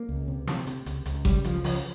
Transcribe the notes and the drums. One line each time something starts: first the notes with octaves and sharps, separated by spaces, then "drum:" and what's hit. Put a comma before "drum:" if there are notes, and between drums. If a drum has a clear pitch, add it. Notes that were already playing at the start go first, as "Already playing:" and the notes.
Already playing: A#3
C#2
C3
C3, drum: snare
C3, drum: hi-hat
C#2, drum: hi-hat
C#2, drum: hi-hat
C#3 G3, drum: kick G#1, hi-hat
C#2 F3, drum: hi-hat
C#3 F3, drum: open hi-hat